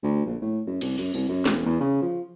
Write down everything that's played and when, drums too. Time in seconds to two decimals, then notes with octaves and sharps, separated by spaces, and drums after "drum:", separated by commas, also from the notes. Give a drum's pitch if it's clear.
0.03 D2
0.26 A#1
0.42 A2
0.67 F#2
0.81 C2, drum: cymbal
0.98 F#2, drum: open hi-hat
1.14 C2, drum: tambourine
1.28 F#2
1.46 E1, drum: snare
1.66 E2
1.80 C#3
2.02 F3